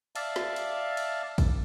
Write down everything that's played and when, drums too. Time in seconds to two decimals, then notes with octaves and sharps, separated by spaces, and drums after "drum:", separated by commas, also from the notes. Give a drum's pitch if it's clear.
0.16 D5 E5 F5 A5, drum: cymbal
0.36 drum: snare
0.56 drum: cymbal
0.97 drum: cymbal
1.38 drum: kick, cymbal